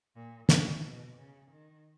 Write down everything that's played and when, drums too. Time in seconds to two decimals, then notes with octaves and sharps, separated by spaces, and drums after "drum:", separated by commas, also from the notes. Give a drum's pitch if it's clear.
0.16 A#2
0.49 A#2, drum: snare
0.84 B2
1.18 C#3
1.52 D#3